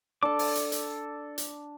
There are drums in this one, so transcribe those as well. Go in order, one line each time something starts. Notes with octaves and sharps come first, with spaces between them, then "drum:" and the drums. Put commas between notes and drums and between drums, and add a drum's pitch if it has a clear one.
D4 A4 A5 D6
drum: open hi-hat
drum: hi-hat
drum: hi-hat
drum: hi-hat